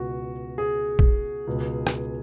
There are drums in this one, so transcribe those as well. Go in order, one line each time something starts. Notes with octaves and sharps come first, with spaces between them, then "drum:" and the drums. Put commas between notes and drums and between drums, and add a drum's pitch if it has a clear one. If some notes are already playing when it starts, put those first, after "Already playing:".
Already playing: C#2 B2 F#4
G#4
drum: kick
C#2 B2
drum: rim click